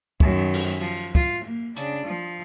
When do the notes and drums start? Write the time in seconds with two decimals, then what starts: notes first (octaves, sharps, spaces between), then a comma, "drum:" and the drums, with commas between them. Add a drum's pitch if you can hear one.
0.20 F#2 D#3, drum: kick
0.54 drum: cymbal
0.80 F3
1.15 F4, drum: kick
1.44 A#3
1.76 C#3 D4, drum: hi-hat
2.05 F3